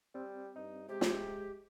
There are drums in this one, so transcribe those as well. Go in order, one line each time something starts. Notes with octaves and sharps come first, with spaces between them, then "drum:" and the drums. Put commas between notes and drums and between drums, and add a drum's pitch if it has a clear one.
G3 C4
G2 D#4
C3 G#3 G4
drum: snare